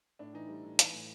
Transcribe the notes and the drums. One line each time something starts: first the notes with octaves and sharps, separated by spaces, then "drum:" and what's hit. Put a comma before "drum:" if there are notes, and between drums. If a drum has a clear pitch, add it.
A2 D4
E3 D#4
G3
A2
E3, drum: hi-hat
A2